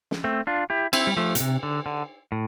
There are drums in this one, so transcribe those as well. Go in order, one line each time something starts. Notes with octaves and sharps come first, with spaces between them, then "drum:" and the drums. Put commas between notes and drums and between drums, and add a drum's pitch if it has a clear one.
drum: snare
A3 C4
D4 F4
E4 G4
C4 E4, drum: cymbal
G3
F3 A3
B2, drum: hi-hat
C3
D3
D3
A2